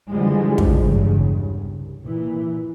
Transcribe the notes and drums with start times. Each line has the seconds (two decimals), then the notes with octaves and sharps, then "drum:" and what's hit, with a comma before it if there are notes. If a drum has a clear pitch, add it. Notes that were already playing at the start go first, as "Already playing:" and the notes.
0.11 D3 E3 F3 G3 G#3
0.58 drum: kick
0.80 E2 G2 C#3
1.32 C2
2.03 A#2 E3